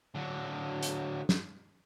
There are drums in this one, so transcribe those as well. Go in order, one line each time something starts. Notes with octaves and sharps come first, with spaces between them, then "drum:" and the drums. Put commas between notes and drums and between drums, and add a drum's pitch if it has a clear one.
D3 F#3
drum: hi-hat
drum: snare